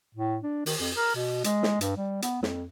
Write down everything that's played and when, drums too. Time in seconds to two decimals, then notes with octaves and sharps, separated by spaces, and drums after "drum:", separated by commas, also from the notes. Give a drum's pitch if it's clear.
0.15 A2
0.43 D4
0.66 D#3, drum: open hi-hat
0.80 F2
0.96 A#4
1.15 B2
1.44 G#3, drum: hi-hat
1.63 drum: snare
1.81 G2, drum: hi-hat
1.96 G3
2.22 B3, drum: hi-hat
2.43 F2, drum: snare